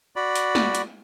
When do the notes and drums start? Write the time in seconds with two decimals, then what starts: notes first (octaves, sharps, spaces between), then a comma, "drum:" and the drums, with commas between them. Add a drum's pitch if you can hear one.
0.16 F#4 D5 B5
0.36 drum: hi-hat
0.55 drum: snare
0.75 drum: hi-hat